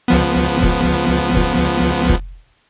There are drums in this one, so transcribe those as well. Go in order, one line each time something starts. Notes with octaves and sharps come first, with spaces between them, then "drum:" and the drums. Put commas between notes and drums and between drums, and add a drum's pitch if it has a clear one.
C#2 F3 B3
drum: kick F1
drum: kick F1
drum: kick F1